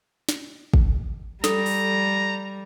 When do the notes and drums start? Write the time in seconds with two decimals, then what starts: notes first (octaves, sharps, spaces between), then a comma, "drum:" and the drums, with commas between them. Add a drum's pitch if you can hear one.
0.29 drum: snare
0.74 drum: kick
1.44 G3 A4 A#5, drum: snare
1.66 drum: open hi-hat